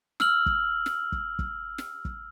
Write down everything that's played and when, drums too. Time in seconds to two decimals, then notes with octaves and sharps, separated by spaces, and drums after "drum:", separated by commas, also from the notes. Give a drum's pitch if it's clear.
0.20 E6 F6 F#7, drum: snare
0.46 drum: kick
0.86 drum: snare
1.12 drum: kick
1.39 drum: kick
1.78 drum: snare
2.05 drum: kick